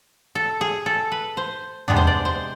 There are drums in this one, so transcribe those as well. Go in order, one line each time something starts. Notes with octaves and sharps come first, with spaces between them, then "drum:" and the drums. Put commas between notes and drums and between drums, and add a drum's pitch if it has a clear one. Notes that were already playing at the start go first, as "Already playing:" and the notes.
A4
G#4
A4
B4
C5
C3 G#3 B3 D4, drum: tom
C5
D5
C5